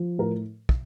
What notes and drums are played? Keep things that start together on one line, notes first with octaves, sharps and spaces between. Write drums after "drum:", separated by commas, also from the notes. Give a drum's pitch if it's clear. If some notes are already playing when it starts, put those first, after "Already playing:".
Already playing: F3
A2 A#4
drum: kick